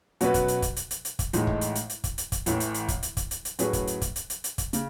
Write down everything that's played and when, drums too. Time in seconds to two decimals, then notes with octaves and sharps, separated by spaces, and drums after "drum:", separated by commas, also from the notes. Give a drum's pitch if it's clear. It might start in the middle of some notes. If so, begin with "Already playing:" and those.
0.21 B2 F#3 C#4 F#4 B4, drum: hi-hat
0.34 drum: kick, hi-hat
0.48 drum: hi-hat
0.62 drum: kick, hi-hat
0.76 drum: hi-hat
0.91 drum: hi-hat
1.05 drum: hi-hat
1.19 drum: kick, hi-hat
1.33 A1 A2 G#3 D#4, drum: hi-hat
1.47 drum: kick
1.61 drum: hi-hat
1.75 drum: hi-hat
1.90 drum: hi-hat
2.04 drum: kick, hi-hat
2.18 drum: hi-hat
2.32 drum: kick, hi-hat
2.46 A1 A2 E3, drum: hi-hat
2.60 drum: hi-hat
2.74 drum: hi-hat
2.88 drum: kick, hi-hat
3.03 drum: hi-hat
3.17 drum: kick, hi-hat
3.31 drum: hi-hat
3.45 drum: hi-hat
3.59 A2 F#3 C#4 G#4 B4, drum: hi-hat
3.73 drum: kick, hi-hat
3.87 drum: hi-hat
4.02 drum: kick, hi-hat
4.16 drum: hi-hat
4.30 drum: hi-hat
4.44 drum: hi-hat
4.58 drum: kick, hi-hat
4.73 C#3, drum: hi-hat